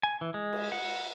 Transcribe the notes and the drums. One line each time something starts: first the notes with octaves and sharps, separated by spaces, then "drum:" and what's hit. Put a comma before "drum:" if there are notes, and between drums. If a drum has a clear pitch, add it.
G#5
E3
G#3
drum: cymbal
F#5